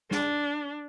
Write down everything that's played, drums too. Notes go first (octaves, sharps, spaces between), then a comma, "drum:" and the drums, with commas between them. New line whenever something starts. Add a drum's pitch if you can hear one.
D4, drum: snare